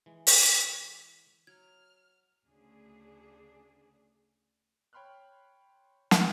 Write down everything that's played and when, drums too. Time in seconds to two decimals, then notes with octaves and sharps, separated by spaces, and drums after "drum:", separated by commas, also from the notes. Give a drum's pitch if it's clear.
0.06 E3 G#3
0.27 drum: open hi-hat
1.47 F#3 F6 G#6
2.47 D2 C#3 D4 G#4
4.93 C#5 G5 B5 C6 F6 F#6
6.11 drum: snare